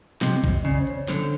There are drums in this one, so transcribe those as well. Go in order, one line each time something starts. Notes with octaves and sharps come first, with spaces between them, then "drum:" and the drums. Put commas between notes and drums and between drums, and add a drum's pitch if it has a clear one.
C3 D#5, drum: snare
D#5, drum: kick A#1, hi-hat
D#5
C#3 D5, drum: hi-hat
C5
C#5, drum: hi-hat
D3 C5, drum: snare